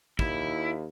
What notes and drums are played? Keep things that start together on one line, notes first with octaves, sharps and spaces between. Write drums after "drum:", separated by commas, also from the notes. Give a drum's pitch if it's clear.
D#2 E4, drum: kick